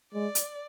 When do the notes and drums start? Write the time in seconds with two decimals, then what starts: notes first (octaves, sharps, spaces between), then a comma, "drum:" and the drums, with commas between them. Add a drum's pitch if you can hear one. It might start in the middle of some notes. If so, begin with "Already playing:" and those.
0.13 G#3 D5
0.35 drum: hi-hat